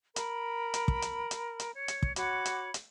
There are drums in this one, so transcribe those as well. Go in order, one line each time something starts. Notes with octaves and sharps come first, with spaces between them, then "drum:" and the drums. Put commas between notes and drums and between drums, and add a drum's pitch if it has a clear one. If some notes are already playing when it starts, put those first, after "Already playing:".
A#4 B5, drum: hi-hat
drum: hi-hat
drum: kick
drum: hi-hat
drum: hi-hat
drum: hi-hat
C#5
drum: hi-hat
drum: kick
F#4 C#5 B5 D6, drum: hi-hat
drum: hi-hat
drum: hi-hat